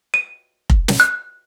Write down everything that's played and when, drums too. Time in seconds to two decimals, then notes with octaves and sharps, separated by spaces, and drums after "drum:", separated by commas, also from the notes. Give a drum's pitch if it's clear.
0.14 D#7
0.70 drum: kick F1
0.88 drum: snare
1.00 F#6